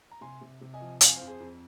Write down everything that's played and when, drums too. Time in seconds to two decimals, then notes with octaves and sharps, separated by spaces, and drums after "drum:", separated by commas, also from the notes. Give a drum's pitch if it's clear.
0.11 A#5
0.21 C3 G#5 C6
0.41 C3
0.61 C3
0.74 D#5 G#5
0.81 F3
1.01 F2 F5, drum: hi-hat
1.08 G#5
1.15 C5 F5
1.21 F2
1.27 G#4 C5
1.40 F2